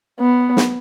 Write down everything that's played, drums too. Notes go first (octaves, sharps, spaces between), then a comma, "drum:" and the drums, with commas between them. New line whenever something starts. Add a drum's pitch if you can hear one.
B3
drum: snare